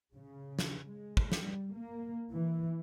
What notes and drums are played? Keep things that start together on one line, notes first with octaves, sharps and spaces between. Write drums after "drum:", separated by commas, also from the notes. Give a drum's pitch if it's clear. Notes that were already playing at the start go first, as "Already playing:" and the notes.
C#3
drum: snare
G#3
drum: kick
drum: snare
G3
A#3
E3